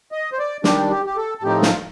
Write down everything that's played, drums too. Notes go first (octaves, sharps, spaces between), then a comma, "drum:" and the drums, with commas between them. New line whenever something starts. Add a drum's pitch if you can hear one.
D#5
C5
D5
D#3 G3 D4 G4, drum: snare
G4
G4
A4
A4
A2 F3 A3 C4 D#4 G4
F4, drum: snare